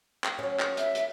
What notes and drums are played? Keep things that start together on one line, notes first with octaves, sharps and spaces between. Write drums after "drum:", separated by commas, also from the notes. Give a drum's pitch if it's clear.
drum: clap
F#3 C#4
drum: clap
E5, drum: hi-hat
drum: hi-hat